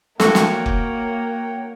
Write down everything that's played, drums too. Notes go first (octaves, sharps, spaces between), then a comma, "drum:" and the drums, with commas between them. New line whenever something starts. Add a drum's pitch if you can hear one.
A#3 F#4 A4 C#5 F#5 G5, drum: snare
drum: snare
drum: kick F1